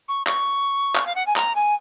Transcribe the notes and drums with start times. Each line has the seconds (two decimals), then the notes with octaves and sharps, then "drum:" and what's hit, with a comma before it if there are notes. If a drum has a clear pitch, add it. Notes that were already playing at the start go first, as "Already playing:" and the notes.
0.09 C#6
0.27 C#6, drum: clap
0.96 drum: clap
1.06 F5
1.15 F#5
1.27 G#5
1.36 A#5, drum: clap
1.55 G#5